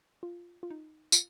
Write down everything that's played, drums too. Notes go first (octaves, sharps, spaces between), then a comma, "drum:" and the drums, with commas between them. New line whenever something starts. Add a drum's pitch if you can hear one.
F4
F4
D#4
F4, drum: tambourine